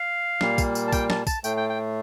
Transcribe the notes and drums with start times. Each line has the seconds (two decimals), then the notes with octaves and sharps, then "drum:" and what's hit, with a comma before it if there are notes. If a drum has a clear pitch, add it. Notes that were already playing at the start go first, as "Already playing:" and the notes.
Already playing: F5
0.41 A#2 G3 A#3, drum: snare
0.58 drum: kick, tambourine
0.75 drum: tambourine
0.87 A5
0.93 G5, drum: kick, tambourine
1.10 A5, drum: snare
1.27 A5, drum: kick, tambourine
1.44 A2 A3 G5, drum: tambourine
1.57 G5
1.69 G5